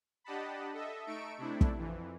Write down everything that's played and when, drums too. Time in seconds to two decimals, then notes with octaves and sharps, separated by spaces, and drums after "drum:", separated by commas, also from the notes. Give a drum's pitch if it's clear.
0.24 D4 G4 D#5 F#5 A5 B5
0.74 A4 D#5 E5
1.06 A3 D#4 C#6 E6 D7
1.38 C3 A3 D4 E4
1.61 drum: kick
1.77 F2 E3